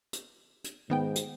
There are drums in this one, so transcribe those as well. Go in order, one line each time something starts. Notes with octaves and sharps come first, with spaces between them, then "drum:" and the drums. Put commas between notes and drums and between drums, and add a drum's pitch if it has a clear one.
drum: hi-hat
drum: hi-hat
G#2 D#3 B3 G5
drum: hi-hat